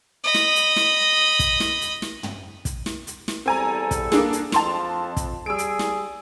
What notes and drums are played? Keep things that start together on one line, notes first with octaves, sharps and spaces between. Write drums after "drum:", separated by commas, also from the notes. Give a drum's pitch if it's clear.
D#5 B5
drum: snare
drum: hi-hat
drum: snare
drum: kick, hi-hat
drum: snare
drum: hi-hat
drum: snare
drum: tom
drum: kick, hi-hat
drum: snare
drum: hi-hat
drum: snare
E2 G3 C4 A4 G#5 A#5
drum: kick, hi-hat
A#3 D4 G#4, drum: snare
drum: hi-hat
F2 A5 C6 F7, drum: snare
drum: kick, hi-hat
G3 G#4 E6 D7
drum: hi-hat
drum: snare